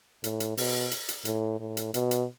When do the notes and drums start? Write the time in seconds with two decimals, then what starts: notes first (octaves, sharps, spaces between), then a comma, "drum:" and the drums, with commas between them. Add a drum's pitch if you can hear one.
0.24 A2, drum: hi-hat
0.40 drum: hi-hat
0.57 B2, drum: open hi-hat
0.91 drum: hi-hat
1.09 drum: hi-hat
1.25 A2, drum: hi-hat
1.60 A2
1.77 drum: hi-hat
1.94 B2, drum: hi-hat
2.11 drum: hi-hat